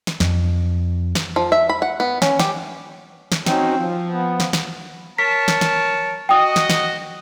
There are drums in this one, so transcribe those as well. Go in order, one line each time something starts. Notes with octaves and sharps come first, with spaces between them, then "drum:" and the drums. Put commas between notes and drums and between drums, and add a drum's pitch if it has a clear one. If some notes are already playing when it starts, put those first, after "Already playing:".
drum: snare
F2, drum: snare
drum: snare
F3
E5
B5
F#5
B3
C#4, drum: snare
G4, drum: snare
drum: snare
C4 C#4 D#4 F#4, drum: snare
F3
B3
drum: snare
drum: snare
A#4 C#5 A5 B6
drum: snare
drum: snare
F#4 D#5 G5 D#6
drum: snare
drum: snare